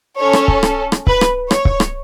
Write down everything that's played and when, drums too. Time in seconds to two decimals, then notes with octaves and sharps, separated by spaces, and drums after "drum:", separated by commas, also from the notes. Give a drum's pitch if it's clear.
0.18 C#4 A4 C#5
0.33 drum: rim click
0.48 drum: kick C#1
0.63 drum: rim click
0.92 drum: rim click
1.07 B4, drum: kick C#1
1.21 drum: rim click
1.51 C#5, drum: rim click
1.65 drum: kick C#1
1.80 drum: rim click